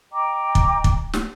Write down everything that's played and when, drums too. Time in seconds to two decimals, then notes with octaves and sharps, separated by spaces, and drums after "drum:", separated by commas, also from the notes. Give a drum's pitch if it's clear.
0.11 D#5 G5 A#5 D6
0.55 drum: kick
0.84 drum: kick
1.13 drum: snare